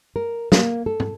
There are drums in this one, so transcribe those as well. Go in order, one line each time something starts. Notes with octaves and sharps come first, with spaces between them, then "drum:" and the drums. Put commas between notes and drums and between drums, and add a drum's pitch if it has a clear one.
A#4
A#3, drum: snare
A4
drum: tom